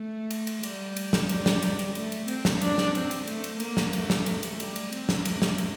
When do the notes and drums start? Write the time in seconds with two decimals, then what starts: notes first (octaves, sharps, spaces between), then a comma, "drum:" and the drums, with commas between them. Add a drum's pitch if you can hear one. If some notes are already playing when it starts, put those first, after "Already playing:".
Already playing: A3
0.31 drum: cymbal
0.47 drum: cymbal
0.63 G3, drum: cymbal
0.96 drum: cymbal
1.13 drum: snare
1.29 G3, drum: cymbal
1.46 drum: snare
1.62 drum: cymbal
1.79 drum: cymbal
1.95 A3, drum: cymbal
2.12 drum: cymbal
2.28 C4, drum: cymbal
2.45 drum: snare
2.61 D4, drum: cymbal
2.78 drum: snare
2.95 C4, drum: cymbal
3.11 drum: cymbal
3.27 A3, drum: cymbal
3.44 drum: cymbal
3.60 A#3, drum: cymbal
3.77 drum: snare
3.93 A3, drum: cymbal
4.10 drum: snare
4.26 drum: cymbal
4.43 drum: cymbal
4.60 G3, drum: cymbal
4.76 drum: cymbal
4.92 C4, drum: cymbal
5.09 drum: snare
5.25 A3, drum: cymbal
5.42 drum: snare
5.58 drum: cymbal